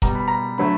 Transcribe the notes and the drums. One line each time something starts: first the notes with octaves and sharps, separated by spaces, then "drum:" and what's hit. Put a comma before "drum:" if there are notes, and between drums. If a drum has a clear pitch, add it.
B2 G3 B3 A#5, drum: kick E1
B5
A#5
D3 F#3 A3 B5